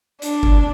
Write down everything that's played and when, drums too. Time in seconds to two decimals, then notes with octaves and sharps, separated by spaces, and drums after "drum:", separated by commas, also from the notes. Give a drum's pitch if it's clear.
0.22 D4, drum: hi-hat
0.43 drum: kick G1